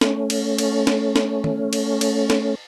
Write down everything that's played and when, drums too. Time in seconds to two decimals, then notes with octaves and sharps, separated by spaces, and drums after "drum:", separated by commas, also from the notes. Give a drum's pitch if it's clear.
0.01 A3 C#4, drum: snare
0.30 drum: cymbal
0.58 drum: cymbal
0.87 drum: snare
1.16 drum: snare
1.44 drum: tom
1.73 drum: cymbal
2.01 drum: cymbal
2.30 drum: snare